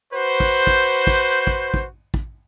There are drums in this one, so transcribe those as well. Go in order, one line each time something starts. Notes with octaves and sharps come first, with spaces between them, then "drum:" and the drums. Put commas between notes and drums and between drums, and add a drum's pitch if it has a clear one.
F#4 B4 C5
drum: kick
drum: kick
drum: kick
drum: kick
drum: kick
drum: kick